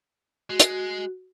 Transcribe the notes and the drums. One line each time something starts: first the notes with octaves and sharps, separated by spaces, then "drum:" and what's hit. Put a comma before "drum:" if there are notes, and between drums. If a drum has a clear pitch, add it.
G#3 F#4
drum: hi-hat